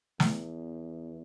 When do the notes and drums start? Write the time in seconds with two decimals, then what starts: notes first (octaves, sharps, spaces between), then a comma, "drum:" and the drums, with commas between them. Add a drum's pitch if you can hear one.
0.20 E2, drum: snare